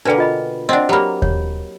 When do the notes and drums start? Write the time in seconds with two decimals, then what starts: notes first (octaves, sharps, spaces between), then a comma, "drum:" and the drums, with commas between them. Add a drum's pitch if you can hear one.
0.05 B2 D3 A#3 D4 B4 G5
0.18 F4 D#5 B5
0.69 C4 D4 D#5 F#5
0.89 F#3 A#3 G4 B5
1.22 C#5, drum: kick D#2